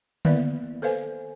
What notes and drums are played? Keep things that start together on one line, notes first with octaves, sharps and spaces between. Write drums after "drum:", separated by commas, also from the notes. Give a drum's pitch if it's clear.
A#3 B3 E4 B4 D5 E5, drum: tom D3
A4 B4 C5 F5 G#5